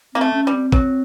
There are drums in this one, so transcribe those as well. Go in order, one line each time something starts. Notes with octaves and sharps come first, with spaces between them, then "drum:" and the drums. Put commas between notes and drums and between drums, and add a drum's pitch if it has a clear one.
A#3 C4
A3
C#4
G3
C4
F#3, drum: kick